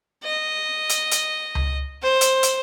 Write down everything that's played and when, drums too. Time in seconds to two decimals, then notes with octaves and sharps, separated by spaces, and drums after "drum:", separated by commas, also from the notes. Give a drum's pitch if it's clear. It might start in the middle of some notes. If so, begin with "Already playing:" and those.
0.24 D#5
0.89 drum: hi-hat
1.11 drum: hi-hat
1.55 drum: tom C#2
2.03 C5
2.21 drum: hi-hat
2.43 drum: hi-hat